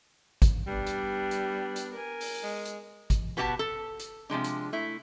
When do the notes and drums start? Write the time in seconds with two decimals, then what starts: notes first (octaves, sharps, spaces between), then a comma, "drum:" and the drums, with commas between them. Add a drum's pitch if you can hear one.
0.42 drum: kick, hi-hat
0.67 G3 B3 D4
0.86 drum: hi-hat
1.31 drum: hi-hat
1.76 drum: hi-hat
1.93 A#4 G#5
2.21 drum: open hi-hat
2.43 G#3
2.65 drum: hi-hat
3.10 drum: kick, hi-hat
3.37 B2 B3 F#4 G4 G5 A5
3.59 A4
4.00 drum: hi-hat
4.30 C3 F3 G#3 D4
4.44 drum: hi-hat
4.73 A3 E4